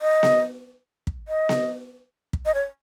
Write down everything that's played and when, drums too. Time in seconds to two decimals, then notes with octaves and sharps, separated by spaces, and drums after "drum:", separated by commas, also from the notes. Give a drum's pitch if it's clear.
0.01 D#5
0.23 drum: snare B3
1.07 drum: kick
1.28 D#5
1.49 drum: snare B3
2.33 drum: kick
2.46 D#5
2.54 C#5